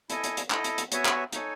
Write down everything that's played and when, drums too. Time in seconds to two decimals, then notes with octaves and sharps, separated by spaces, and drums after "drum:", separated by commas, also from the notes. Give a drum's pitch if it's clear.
0.10 E4 A4 D#5 G#5, drum: hi-hat
0.24 drum: hi-hat
0.37 drum: hi-hat
0.50 E4 A4 D#5, drum: clap
0.64 drum: hi-hat
0.78 drum: hi-hat
0.92 B3 F#4 C#5 E5 G#5, drum: hi-hat
1.05 drum: clap
1.33 D#4 A4 C#5 G#5, drum: hi-hat